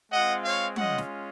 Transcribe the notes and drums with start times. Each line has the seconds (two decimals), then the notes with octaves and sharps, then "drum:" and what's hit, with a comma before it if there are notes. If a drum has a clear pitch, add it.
0.12 G#3 C4 F4 D#5 F#5
0.45 C#5 F5
0.76 G#3 C#4 F4 D#5 F#5, drum: tom
0.98 drum: snare